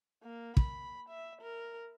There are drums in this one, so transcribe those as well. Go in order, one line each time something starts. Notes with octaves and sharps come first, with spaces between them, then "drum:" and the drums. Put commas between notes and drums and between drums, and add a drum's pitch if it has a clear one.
A#3
B5, drum: kick
E5
A#4